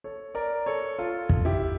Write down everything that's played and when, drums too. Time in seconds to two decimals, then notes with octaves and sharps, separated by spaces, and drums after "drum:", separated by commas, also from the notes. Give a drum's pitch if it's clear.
0.04 A4 C#5
0.35 A#4 D5
0.66 A4 C#5
0.99 F4 A4
1.29 drum: kick
1.45 E4 G4